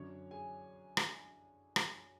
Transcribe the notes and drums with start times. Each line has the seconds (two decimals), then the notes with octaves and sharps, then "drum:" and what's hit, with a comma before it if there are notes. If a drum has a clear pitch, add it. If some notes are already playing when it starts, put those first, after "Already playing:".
Already playing: F#2 D3 F#3 C#4 C#5
0.31 G#4 G#5
0.97 drum: rim click
1.76 drum: rim click